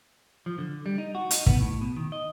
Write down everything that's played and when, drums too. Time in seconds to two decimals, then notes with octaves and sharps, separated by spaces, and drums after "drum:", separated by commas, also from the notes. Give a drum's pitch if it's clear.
0.46 F3
0.58 D3
0.86 G3
0.98 D#4
1.15 F#4
1.31 D#4, drum: hi-hat
1.46 B3, drum: kick
1.60 A2
1.81 B2
1.97 D#3
2.12 D#5